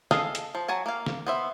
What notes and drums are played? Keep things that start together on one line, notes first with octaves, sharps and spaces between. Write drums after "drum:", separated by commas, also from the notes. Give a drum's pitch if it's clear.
G#4 A4 D#5 F5, drum: snare
drum: hi-hat
F3
F#3 F#4 G#5 A5
A#3 F5
drum: snare
B3 C5 E5